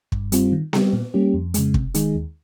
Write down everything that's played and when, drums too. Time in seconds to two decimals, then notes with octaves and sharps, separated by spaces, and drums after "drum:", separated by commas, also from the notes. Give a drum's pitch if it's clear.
0.12 G2, drum: kick
0.32 G3 C4 F4, drum: hi-hat
0.52 D#3
0.73 G3 C4 G4, drum: snare B3
0.93 A#2
1.14 G3 A#3 C#4 G4
1.34 F2
1.54 C#3 G#3, drum: hi-hat
1.74 C3, drum: kick
1.94 D#3 G#3 D#4 G#4, drum: hi-hat
2.15 D#2